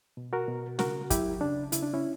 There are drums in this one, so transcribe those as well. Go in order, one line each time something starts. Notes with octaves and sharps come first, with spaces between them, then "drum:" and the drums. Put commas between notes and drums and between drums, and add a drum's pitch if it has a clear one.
B2
F#4 A#4
B2
C#3 F#4 A#4, drum: snare
F#3 E4 G4, drum: kick, hi-hat
C#3 D4
C#3 E4, drum: hi-hat
D4
C#4 E4